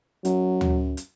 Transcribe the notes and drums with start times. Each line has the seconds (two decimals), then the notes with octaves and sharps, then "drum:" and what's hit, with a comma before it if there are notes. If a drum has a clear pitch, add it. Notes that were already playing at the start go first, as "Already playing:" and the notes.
0.25 F#2 F#3, drum: hi-hat
0.61 drum: tom D2
0.97 drum: hi-hat